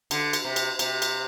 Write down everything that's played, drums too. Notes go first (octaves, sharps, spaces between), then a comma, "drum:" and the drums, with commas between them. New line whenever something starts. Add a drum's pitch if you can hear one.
D3, drum: cymbal
drum: cymbal
C3
drum: cymbal
C3, drum: cymbal
drum: cymbal